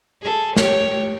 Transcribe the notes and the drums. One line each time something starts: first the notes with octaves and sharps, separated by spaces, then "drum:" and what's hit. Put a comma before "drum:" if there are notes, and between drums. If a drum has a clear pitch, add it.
G#4 A4
G4 C#5, drum: snare